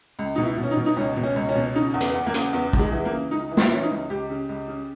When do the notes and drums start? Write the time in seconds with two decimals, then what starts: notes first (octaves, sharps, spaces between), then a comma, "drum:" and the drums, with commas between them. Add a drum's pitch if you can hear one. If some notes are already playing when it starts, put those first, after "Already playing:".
0.19 C#2
0.36 B2 D#4
0.45 E4
0.58 B2
0.63 C#4
0.71 D#4
0.77 B2
0.86 D#4
0.96 C#2 C#4
1.16 B2
1.23 C#4
1.36 C#2
1.49 C#4
1.55 B2
1.75 C#3 D#4
1.94 E2
2.01 B3, drum: hi-hat
2.14 E2
2.27 A#3
2.34 C#3, drum: hi-hat
2.53 E2 B3
2.73 E2, drum: kick
2.79 G#3
2.92 E3
3.05 A#3
3.12 C#3
3.31 C#2 D#4
3.51 E3
3.57 E4, drum: snare
3.70 E3 C#4
3.83 D#4
3.91 C#2
4.10 C#2 G4
4.30 C#3
4.49 C#2
4.68 C#3